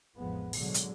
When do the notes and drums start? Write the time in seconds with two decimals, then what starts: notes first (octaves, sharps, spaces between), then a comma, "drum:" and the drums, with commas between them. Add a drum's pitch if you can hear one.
0.16 A1 F2 F3 G#3 B3
0.53 B2 D3 F#3 G#3, drum: open hi-hat
0.74 drum: hi-hat